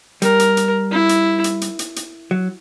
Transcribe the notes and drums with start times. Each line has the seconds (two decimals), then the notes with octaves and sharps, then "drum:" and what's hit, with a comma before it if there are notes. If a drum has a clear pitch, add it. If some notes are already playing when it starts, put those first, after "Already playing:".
0.22 G3 A#4, drum: hi-hat
0.40 drum: hi-hat
0.57 drum: hi-hat
0.92 E4
1.09 drum: hi-hat
1.44 drum: hi-hat
1.61 drum: hi-hat
1.79 drum: hi-hat
1.96 drum: hi-hat
2.31 F#3